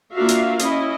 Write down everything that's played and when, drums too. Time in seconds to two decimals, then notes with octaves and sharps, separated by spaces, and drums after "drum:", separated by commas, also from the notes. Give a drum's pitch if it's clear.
0.13 A#3 D4 F4 F#4 E5 F5
0.29 drum: hi-hat
0.59 C#4 E4 D#5, drum: hi-hat